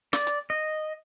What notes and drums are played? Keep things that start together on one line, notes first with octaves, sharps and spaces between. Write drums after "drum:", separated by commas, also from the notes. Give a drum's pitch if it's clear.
D5, drum: snare
drum: hi-hat
D#5